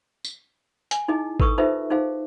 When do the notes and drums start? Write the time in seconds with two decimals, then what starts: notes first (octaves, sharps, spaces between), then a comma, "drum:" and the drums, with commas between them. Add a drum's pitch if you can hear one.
0.25 drum: tambourine
0.91 G#5, drum: hi-hat
1.08 D#4 E4 G#4 D#5
1.40 A4 B4 C#6 D#6, drum: kick G#1
1.58 D#4 F4 A4 B4 C5 E5
1.90 D#4 G#4 C5 F5